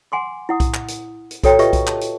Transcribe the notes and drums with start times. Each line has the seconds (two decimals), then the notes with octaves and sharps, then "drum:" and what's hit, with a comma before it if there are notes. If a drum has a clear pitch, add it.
0.12 F#5 G#5 C6 D6
0.49 E4 F#5 D#6
0.60 drum: kick B1, hi-hat
0.74 drum: clap
0.88 drum: hi-hat
1.31 drum: hi-hat
1.43 F#4 A4 C#5 G5 A#5, drum: kick B1, hi-hat
1.59 F4 G4 B4 D#5 E5 C#6, drum: hi-hat
1.73 drum: kick B1, hi-hat
1.87 A5, drum: clap
2.01 drum: hi-hat